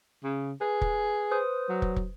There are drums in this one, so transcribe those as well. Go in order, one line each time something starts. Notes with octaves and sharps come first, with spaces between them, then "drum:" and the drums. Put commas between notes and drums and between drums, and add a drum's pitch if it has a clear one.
C#3
G#4 B4
drum: kick
B4 C5 D#6
F#3
drum: kick
drum: kick